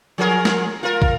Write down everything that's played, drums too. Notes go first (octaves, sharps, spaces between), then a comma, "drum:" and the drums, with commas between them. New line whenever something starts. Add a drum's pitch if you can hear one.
F3 G#4 A#4
drum: snare
F4 A#4
drum: kick